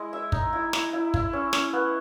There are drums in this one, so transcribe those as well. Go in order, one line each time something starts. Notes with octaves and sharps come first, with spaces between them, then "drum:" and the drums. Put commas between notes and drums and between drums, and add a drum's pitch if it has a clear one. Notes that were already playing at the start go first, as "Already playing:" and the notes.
Already playing: G#3 E4
E5
D#4, drum: kick
E4
E4, drum: snare
E4
E4, drum: kick
C#4
C#4, drum: snare
B3